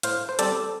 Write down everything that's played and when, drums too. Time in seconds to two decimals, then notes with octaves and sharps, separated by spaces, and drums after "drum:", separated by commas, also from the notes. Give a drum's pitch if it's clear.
0.03 A2 C5 F5, drum: hi-hat
0.29 C5
0.39 G3 C4 A4 D5, drum: hi-hat